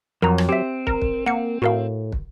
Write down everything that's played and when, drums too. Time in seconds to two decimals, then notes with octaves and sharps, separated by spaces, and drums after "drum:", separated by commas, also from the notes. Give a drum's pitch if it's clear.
0.22 F2 F#3 A#4 A#5
0.38 drum: rim click
0.49 C4 G4 E5
0.87 A#4, drum: kick
1.02 drum: kick
1.26 A#3 F#5 C#7
1.62 A2 F#4 A#4 F5
2.12 drum: kick